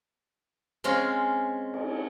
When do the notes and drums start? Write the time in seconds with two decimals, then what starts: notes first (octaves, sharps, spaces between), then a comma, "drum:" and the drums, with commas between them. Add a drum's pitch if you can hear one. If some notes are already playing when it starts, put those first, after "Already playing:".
0.84 G#3 C4 C#4 F4
1.74 drum: cymbal